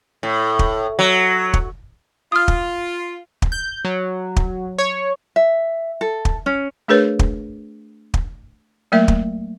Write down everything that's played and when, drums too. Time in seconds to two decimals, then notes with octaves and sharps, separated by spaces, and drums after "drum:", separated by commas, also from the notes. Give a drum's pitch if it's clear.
0.23 A2
0.59 drum: kick
0.99 F#3
1.54 drum: kick
2.32 F4 D#6 F6
2.48 drum: kick
3.42 drum: kick
3.52 G6
3.85 F#3
4.36 drum: kick
4.78 C#5
5.36 E5
6.01 A4
6.25 drum: kick
6.46 C#4
6.88 A3 D4 G#4 A#4 B4 C#5
7.19 drum: kick
8.14 drum: kick
8.92 F#3 A3 A#3 A#4 E5
9.08 drum: kick